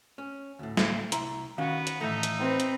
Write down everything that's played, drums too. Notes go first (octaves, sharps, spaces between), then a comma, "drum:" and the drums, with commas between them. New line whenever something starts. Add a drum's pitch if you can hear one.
C#4
D2 A2
drum: snare
C2 E4 A#5 C6, drum: hi-hat
D#3 B3 C#4 F#4 F5
drum: hi-hat
A2 E3 A3 D#4 E5
drum: hi-hat
C4 B4
drum: hi-hat